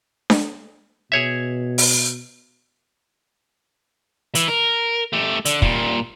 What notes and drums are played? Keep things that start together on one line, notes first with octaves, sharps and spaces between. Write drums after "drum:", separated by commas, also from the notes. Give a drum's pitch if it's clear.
drum: snare D4
B2 G#4 C#5 E5
drum: open hi-hat
E3, drum: hi-hat
A#4
A3 G4
D3, drum: hi-hat
A#2 G3, drum: kick